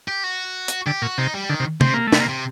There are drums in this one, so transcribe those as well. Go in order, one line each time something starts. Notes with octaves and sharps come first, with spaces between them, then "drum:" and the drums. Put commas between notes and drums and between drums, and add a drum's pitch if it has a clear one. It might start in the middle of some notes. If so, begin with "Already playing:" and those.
G4
F#4
drum: hi-hat
D3 G4
A#2 F#4
C3 D#4
G3
D3 D#3
C3
C3 C4, drum: tom
A#3
A3
C3, drum: snare
A#3
C3